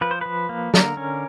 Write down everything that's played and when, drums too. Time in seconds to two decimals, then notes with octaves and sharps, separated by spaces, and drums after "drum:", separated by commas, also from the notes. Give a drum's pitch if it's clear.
0.01 F3 B4
0.11 C5
0.21 F3 B4
0.49 A#3
0.74 D3 A#4, drum: snare
0.97 C#4